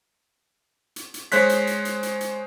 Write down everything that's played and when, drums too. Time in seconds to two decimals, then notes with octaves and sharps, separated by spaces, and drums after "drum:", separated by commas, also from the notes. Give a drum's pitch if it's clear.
0.96 drum: hi-hat
1.14 drum: hi-hat
1.32 G#3 C5 C#5 F#6 B6, drum: hi-hat
1.49 drum: hi-hat
1.67 drum: hi-hat
1.85 drum: hi-hat
2.03 drum: hi-hat
2.21 drum: hi-hat